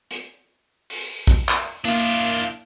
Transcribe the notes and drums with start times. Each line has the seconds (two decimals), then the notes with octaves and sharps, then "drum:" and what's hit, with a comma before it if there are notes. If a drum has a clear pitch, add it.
0.11 drum: hi-hat
0.90 drum: open hi-hat
1.27 drum: kick A#1
1.49 drum: clap
1.85 A#3 D4 E4 F4 F5